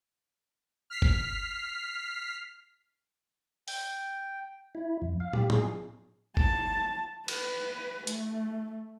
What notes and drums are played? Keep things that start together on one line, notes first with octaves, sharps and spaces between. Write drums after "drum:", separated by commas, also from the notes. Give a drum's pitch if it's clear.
F6 B6 C7
drum: kick G1
G5, drum: open hi-hat
E4
F2
F5
G4, drum: tom
G#4, drum: tom A2
A5, drum: kick G1
B4, drum: cymbal
A3, drum: hi-hat